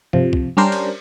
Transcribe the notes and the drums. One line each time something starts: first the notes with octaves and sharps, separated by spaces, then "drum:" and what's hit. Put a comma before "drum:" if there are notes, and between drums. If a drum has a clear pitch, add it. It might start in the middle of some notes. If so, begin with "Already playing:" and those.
C3 F3, drum: tom G2
drum: kick
G3 C#4 D4 A#4 C5
drum: cymbal